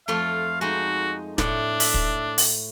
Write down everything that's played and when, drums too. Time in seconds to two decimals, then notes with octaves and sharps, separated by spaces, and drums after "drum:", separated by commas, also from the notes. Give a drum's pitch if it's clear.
0.08 F2 A3 F4 F5
0.61 G#3 D#4 F#4
1.38 A2 D4, drum: snare
1.80 E5, drum: open hi-hat
1.94 drum: kick
2.38 drum: open hi-hat